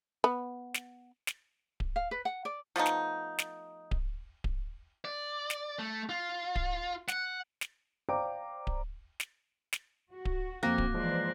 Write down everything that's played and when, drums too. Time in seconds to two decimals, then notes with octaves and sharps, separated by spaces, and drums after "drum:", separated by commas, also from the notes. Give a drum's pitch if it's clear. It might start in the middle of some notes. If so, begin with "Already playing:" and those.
0.24 B3
0.74 drum: snare
1.27 drum: snare
1.80 drum: kick D1
1.96 F5
2.11 B4
2.25 F#5
2.45 D5
2.76 F3 A3 B3 D#4
2.86 drum: snare
3.39 drum: snare
3.91 drum: kick D1
4.44 drum: kick D1
5.05 D5
5.50 drum: snare
5.79 A3
6.09 F4
6.56 drum: kick D1
7.08 F#5, drum: snare
7.61 drum: snare
8.09 C5 D5 F5 G5 A#5 D6
8.67 drum: kick D1
9.20 drum: snare
9.73 drum: snare
10.13 F#4
10.25 drum: kick D1
10.63 F2 A#3 C4 F#6 A#6
10.78 drum: kick D1
10.94 E3 F3 G#3 C5 D5